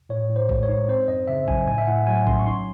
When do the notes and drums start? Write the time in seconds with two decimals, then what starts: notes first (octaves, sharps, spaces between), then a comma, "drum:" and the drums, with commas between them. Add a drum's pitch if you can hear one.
0.09 A2 C#5
0.30 A2
0.36 C5
0.49 G#3, drum: kick A#1
0.63 C#5
0.69 D#4
0.88 C4 C5
1.08 F#2 D#5
1.28 C#3 E5
1.48 F#3 G#5, drum: kick A#1
1.67 A2 G#5
1.78 E5
1.87 A2 F#5
2.07 F#3 G#5
2.27 C#4 C6, drum: kick A#1
2.39 C#6
2.46 D#4 C6